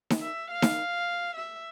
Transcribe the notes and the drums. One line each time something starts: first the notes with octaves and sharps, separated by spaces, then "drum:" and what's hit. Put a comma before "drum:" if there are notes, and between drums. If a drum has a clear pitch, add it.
drum: snare D#4
E5
F5
drum: snare D#4
E5